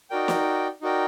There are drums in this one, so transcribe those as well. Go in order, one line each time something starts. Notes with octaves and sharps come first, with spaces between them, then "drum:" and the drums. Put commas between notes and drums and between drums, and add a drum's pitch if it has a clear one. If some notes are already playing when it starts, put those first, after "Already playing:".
D#4 F#4 A#4 D5 G5
drum: snare
D#4 F#4 A#4 D5 G5